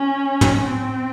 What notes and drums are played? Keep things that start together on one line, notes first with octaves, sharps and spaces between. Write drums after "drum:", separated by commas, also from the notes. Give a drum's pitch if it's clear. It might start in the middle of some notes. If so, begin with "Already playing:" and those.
Already playing: C#4
drum: tom
C4